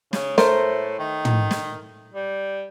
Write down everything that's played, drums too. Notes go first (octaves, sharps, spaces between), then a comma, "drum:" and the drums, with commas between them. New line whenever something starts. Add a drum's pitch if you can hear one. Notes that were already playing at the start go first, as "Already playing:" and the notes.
C#3, drum: snare
A2 A3 A#4 C5, drum: snare
D#3
drum: tom
drum: snare
G3